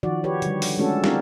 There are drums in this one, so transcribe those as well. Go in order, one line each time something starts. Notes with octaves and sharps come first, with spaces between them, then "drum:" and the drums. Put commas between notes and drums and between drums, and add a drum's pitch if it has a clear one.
D#3 F3 F#4 D5
G4 B4 C#5
D3 G3, drum: hi-hat
drum: open hi-hat
G#3 A3 C#4 D4 F#4 A4
C4 D4 E4 G4 A#4 F5, drum: snare